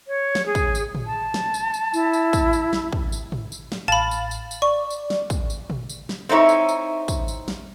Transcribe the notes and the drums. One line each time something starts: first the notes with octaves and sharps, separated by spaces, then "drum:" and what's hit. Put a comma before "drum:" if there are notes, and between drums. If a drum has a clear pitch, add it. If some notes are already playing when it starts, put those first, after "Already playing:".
C#5
drum: snare
G#4
drum: kick, tambourine
drum: tambourine
drum: tom
A5
drum: snare
drum: tambourine
drum: tambourine
E4, drum: tambourine
drum: tambourine
drum: kick, tambourine
drum: tambourine
drum: snare
drum: kick
drum: tambourine
drum: tom G#2
drum: tambourine
drum: snare
A1 F5 A5 B5 A6
drum: tambourine
drum: tambourine
drum: tambourine
D5 C#6
drum: tambourine
drum: snare
drum: kick, tambourine
drum: tambourine
drum: tom A#2
drum: tambourine
drum: snare
C4 D#4 E4 C#5
drum: tambourine
drum: tambourine
drum: kick, tambourine
drum: tambourine
drum: snare